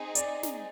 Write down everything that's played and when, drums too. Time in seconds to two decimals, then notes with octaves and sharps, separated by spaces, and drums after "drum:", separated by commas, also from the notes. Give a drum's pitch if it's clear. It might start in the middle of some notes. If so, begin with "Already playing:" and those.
Already playing: C4 D#4 G#4
0.15 D5, drum: hi-hat
0.43 drum: snare